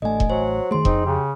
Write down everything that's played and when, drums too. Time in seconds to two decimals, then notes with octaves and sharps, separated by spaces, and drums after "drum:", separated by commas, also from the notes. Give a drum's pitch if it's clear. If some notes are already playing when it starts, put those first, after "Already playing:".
0.02 A1 D3 A3 D#5 G#5
0.20 drum: kick E1
0.30 F#3 C5
0.71 D#3 A3 G#4 C6
0.85 F2 C4 D#4, drum: kick E1
1.06 C#3 G4